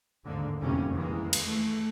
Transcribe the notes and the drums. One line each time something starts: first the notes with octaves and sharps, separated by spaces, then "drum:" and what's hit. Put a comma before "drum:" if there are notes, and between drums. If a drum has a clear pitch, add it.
D#2 G#2 D3 G#3 A#3
F1 E2 C3 G3 A#3 C#4
D#3 E3 G#3 A#3
drum: cymbal
A3